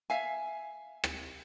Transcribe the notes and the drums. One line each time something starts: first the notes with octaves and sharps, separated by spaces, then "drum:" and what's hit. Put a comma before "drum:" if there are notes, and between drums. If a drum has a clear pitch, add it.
E5 F5 G#5
drum: rim click